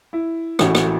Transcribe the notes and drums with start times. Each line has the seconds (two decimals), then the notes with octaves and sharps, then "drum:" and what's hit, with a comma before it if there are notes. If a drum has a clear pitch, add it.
0.13 E4
0.59 A1 A2 E3 F#4, drum: rim click
0.75 drum: rim click